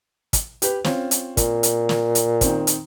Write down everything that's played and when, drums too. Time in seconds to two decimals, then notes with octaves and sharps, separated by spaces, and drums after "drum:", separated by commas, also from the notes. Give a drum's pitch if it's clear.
0.33 drum: kick, hi-hat
0.62 G4 B4, drum: hi-hat
0.84 C4 C#4 F4, drum: snare
1.11 drum: hi-hat
1.37 A#2, drum: kick, hi-hat
1.63 drum: hi-hat
1.89 drum: snare
2.15 drum: hi-hat
2.41 D#3 C4, drum: kick, hi-hat
2.67 drum: hi-hat